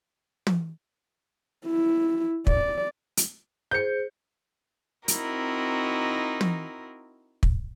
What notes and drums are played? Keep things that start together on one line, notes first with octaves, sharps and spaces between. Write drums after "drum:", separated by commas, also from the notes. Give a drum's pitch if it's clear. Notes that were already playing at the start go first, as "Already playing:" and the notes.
drum: tom
E4
D5, drum: kick
drum: hi-hat
G#4 C5 G6 C#7
C4 D#4 E4 F#4 A#4, drum: hi-hat
drum: tom
drum: kick